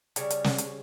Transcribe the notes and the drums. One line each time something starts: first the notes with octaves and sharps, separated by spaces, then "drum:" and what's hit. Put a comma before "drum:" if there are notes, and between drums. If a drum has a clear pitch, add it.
C#3 G3 C#5, drum: hi-hat
drum: hi-hat
drum: snare
drum: hi-hat